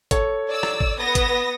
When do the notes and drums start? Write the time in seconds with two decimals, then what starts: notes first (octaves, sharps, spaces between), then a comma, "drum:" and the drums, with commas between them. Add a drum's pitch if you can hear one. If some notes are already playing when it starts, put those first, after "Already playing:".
0.11 A4 C#5, drum: kick, hi-hat
0.48 D5 E6
0.63 drum: rim click
0.80 drum: kick
0.99 B3 D#6 A#6
1.15 drum: kick, hi-hat